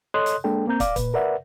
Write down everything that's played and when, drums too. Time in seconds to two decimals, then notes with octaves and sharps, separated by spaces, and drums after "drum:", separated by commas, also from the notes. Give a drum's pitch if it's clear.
0.14 A4 C#5 D#5 C6 D#6 F#6
0.26 drum: hi-hat
0.44 G#3 A#3 D4 A4 G5
0.67 A#3 C4 A#5 G6
0.80 D5 F5 D6, drum: kick, hi-hat
0.96 A#2 B4, drum: kick, hi-hat
1.14 A#4 B4 D5 E5 F#5